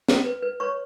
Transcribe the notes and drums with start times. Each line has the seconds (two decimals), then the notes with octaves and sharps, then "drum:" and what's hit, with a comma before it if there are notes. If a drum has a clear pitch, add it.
0.08 B4, drum: snare
0.25 B4
0.42 B4
0.60 B4 C#5 C#6